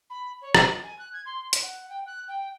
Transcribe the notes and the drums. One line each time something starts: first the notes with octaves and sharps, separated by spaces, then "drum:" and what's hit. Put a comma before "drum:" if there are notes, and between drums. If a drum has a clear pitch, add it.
B5
C#5
D#5, drum: rim click
G#5
F#6
G#6
C6
drum: hi-hat
F#5
G5
F#6
G5